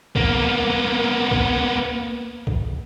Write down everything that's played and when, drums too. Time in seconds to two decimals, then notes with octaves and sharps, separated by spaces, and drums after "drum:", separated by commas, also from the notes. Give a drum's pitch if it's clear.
0.16 A#3 B3, drum: kick
1.31 drum: kick
2.47 drum: kick